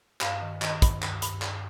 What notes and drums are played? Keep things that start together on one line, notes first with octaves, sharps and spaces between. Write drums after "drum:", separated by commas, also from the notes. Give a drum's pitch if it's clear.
G2 F5, drum: clap
D#3
D#3 D#5, drum: clap
G2, drum: kick, hi-hat
G2, drum: clap
G2, drum: hi-hat
G2, drum: clap